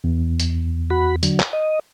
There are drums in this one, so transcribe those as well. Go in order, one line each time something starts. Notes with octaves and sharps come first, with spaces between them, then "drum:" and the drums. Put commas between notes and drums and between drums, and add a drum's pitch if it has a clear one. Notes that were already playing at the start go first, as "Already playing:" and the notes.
E2
drum: hi-hat
F#4 B5
D3 F#3, drum: hi-hat
drum: clap
D#5